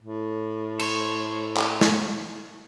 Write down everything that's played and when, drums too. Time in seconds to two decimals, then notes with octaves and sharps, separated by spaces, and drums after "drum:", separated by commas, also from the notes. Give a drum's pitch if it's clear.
0.02 A2
0.79 A4 C5 C#5, drum: cymbal
1.57 drum: clap
1.81 drum: snare